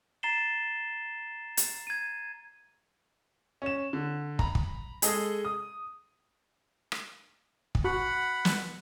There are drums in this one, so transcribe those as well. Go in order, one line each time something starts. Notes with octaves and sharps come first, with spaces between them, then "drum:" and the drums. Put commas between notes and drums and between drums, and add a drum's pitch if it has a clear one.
A#5 A6 C7 E7 G7
drum: hi-hat
G#6 D#7
C#4 E7
D3
A#5 B5, drum: kick
drum: kick
G#3 G#4 A4 D#5, drum: hi-hat
D#6
drum: rim click
drum: kick
F#4 F#5 B5
drum: snare